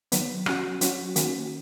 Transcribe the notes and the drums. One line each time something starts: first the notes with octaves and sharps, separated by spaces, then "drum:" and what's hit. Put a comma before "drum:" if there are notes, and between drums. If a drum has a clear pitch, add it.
D#3 F#3 B3, drum: hi-hat
F#3 C#4 F#4, drum: rim click
F#3 C#4 F#4, drum: hi-hat
D#3 A#3 C#4 F#4, drum: hi-hat